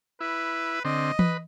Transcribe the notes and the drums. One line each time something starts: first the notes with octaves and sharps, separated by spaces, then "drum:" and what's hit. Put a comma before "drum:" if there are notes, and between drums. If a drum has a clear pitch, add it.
E4 B4
D3 C4 D#5
B4, drum: tom E3